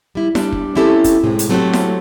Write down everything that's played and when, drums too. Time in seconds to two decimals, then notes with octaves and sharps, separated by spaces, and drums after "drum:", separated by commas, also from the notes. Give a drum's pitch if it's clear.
0.15 G3 E4
0.35 G3 D4, drum: snare E4
0.52 drum: kick
0.75 C4 C#4 E4 G4 A4
1.04 drum: kick, hi-hat
1.24 A2 C3 G#3
1.39 drum: hi-hat
1.49 F#3 A3 C4 E4 F#4 G4
1.73 drum: snare E4